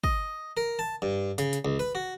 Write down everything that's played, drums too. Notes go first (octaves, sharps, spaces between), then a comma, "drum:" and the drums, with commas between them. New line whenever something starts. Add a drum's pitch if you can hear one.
D#5, drum: kick
A#4
A5
G2
C#3, drum: hi-hat
drum: hi-hat
C#2
B4
F#4